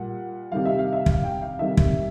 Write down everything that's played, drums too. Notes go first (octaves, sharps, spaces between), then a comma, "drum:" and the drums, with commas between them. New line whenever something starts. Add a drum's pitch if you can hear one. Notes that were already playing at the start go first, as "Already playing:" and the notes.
Already playing: A#2 G3 F#5
C3 D#3 G3 F5
E5
F5
E5
F5, drum: kick
G5
F5
C3 D#3 G3 E5
drum: kick